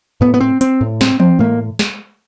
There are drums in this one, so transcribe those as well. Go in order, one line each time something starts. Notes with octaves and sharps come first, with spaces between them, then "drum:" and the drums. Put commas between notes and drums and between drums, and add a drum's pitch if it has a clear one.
A2 B3
B3
C4
C4, drum: hi-hat
A2
C4, drum: snare
C4, drum: tom
A2 A#3, drum: tom G#3
drum: snare